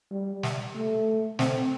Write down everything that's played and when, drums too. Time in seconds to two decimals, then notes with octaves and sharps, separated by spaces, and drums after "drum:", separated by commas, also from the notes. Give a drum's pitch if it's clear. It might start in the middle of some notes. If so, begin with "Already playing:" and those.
0.11 G3
0.43 drum: snare
0.75 A3
1.39 C4, drum: snare